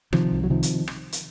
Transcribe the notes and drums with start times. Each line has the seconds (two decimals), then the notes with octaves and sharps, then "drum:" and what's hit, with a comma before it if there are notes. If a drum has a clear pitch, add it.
0.13 C3 D#3 F3, drum: rim click
0.32 C2
0.44 F#3
0.50 C3 D#3 F3
0.63 drum: hi-hat
0.88 drum: rim click
1.12 drum: hi-hat